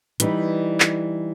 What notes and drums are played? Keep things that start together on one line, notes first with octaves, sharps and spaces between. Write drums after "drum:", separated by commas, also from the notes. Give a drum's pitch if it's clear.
E3 G3 D#4, drum: hi-hat
drum: clap